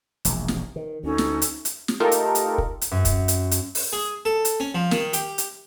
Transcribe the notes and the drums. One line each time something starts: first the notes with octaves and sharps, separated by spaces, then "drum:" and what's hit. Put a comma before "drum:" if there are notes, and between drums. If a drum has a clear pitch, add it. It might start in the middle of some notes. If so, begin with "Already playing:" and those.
E1 A#1 E2, drum: hi-hat
drum: snare
D#3
D2 C#4 D#4 A4
drum: snare
drum: hi-hat
drum: hi-hat
drum: snare
A3 D#4 F4 G4 A4 A#4
drum: hi-hat
drum: hi-hat
drum: kick
drum: hi-hat
F#2
drum: kick, hi-hat
drum: hi-hat
drum: hi-hat
drum: open hi-hat
G#4
A4
drum: hi-hat
C#4
F3
D#3, drum: snare
G4, drum: hi-hat
drum: hi-hat